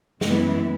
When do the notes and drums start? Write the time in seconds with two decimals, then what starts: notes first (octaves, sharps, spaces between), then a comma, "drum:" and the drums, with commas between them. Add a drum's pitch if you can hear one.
0.21 F#2 E3 G#3 B3 E4, drum: snare